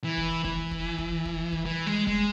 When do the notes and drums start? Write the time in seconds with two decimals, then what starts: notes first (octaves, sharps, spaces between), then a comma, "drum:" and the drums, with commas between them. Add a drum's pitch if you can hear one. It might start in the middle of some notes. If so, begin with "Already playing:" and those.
0.04 E3
0.17 drum: kick
0.45 E3, drum: kick
0.71 drum: kick
0.98 drum: kick
1.25 drum: kick
1.53 drum: kick
1.65 E3
1.86 G#3
2.07 G#3, drum: kick